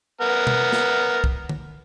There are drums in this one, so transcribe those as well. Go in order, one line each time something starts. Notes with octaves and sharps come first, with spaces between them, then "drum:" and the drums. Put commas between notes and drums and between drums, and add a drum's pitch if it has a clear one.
B3 A#4
drum: tom B2
drum: snare
drum: kick
drum: tom D3